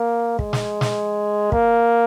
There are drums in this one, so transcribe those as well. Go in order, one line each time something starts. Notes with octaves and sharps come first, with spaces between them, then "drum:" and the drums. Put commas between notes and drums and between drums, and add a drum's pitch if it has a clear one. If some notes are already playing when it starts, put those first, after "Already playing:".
Already playing: A#3
G#3, drum: kick
drum: snare
drum: snare
A#3, drum: kick